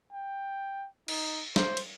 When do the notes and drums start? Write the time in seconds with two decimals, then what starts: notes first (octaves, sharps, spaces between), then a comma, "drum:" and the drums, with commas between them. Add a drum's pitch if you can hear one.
0.13 G5
1.08 D#4, drum: cymbal
1.56 C5, drum: snare
1.77 drum: cymbal